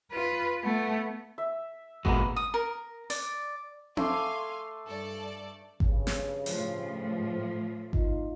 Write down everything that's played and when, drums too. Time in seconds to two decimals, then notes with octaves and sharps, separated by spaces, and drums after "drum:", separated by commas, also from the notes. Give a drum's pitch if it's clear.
0.12 F4 B4
0.62 A3 B3
1.38 E5
2.05 A#2 G#3 A#3 B3 F#4, drum: kick G#1
2.36 D#6
2.54 A#4
3.10 D5, drum: open hi-hat
3.97 A3 F5 G#5 C6 D6, drum: tom C4
4.87 G2 A4 D5
5.80 G2 C#3, drum: kick G#1
6.07 drum: snare
6.46 A2 F3, drum: open hi-hat
7.93 D#4 F4, drum: kick G#1